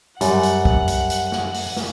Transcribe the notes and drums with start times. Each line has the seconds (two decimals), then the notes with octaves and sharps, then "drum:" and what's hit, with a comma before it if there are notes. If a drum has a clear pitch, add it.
0.21 F#2 G3 F#5, drum: hi-hat
0.43 drum: hi-hat
0.65 drum: kick
0.88 drum: hi-hat
1.10 drum: hi-hat
1.32 drum: snare
1.54 drum: open hi-hat
1.76 drum: snare